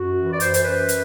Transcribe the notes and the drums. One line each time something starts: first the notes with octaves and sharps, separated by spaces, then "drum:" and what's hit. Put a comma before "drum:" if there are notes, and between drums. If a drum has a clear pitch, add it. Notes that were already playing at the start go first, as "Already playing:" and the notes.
Already playing: F#2 F#4
E3
D5
F#2 C5, drum: hi-hat
C5, drum: hi-hat
F#2 B4
drum: hi-hat